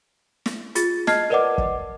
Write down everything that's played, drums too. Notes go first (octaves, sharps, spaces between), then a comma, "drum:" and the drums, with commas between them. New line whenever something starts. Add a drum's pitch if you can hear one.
drum: snare
F4 G#4 A6, drum: hi-hat
D#5 A5 F6 G#6 C7, drum: snare
A#4 B4 D5 D#5 F#5 D6
drum: kick